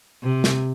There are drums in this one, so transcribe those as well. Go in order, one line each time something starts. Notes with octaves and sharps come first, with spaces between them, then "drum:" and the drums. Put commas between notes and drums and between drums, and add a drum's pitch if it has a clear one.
C3
drum: snare